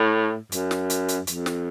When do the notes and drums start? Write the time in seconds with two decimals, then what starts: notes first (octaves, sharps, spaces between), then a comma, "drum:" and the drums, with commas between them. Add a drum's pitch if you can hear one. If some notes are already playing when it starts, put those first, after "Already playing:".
Already playing: A2
0.52 F#2, drum: hi-hat
0.71 drum: snare
0.90 drum: hi-hat
1.08 drum: hi-hat
1.27 F2, drum: hi-hat
1.46 drum: snare